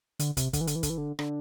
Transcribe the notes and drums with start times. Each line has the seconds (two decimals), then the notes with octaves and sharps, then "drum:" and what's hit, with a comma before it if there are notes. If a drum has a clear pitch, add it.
0.19 D3, drum: hi-hat
0.37 C3, drum: kick, hi-hat
0.53 D3, drum: kick, hi-hat
0.61 E3
0.67 D3, drum: hi-hat
0.76 E3
0.83 D3, drum: kick, hi-hat
0.90 E3
0.98 D3
1.19 D3, drum: rim click